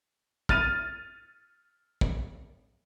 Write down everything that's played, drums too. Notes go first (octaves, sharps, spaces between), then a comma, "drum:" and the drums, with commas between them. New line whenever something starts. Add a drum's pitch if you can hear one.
F6 A6 D#7, drum: kick
drum: kick